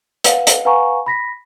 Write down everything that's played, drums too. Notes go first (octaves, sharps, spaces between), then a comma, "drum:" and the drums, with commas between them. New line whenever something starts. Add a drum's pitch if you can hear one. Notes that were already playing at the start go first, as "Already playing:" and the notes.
B4 F5 F#5, drum: hi-hat
drum: hi-hat
B4 F5 F#5 G#5 A#5 C#6
B5 A#6 B6